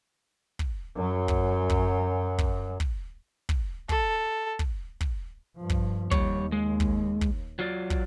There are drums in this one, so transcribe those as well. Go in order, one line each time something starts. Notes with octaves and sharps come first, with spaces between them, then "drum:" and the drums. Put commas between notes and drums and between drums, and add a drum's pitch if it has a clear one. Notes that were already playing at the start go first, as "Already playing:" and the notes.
drum: kick
F#2 F#3
drum: kick
drum: kick
drum: kick
drum: kick
drum: kick
A4, drum: kick
drum: kick
drum: kick
G2 F3
drum: kick
D#2 G3 C#5, drum: kick
G#3
drum: kick
drum: kick
F#3 F4 D5
drum: kick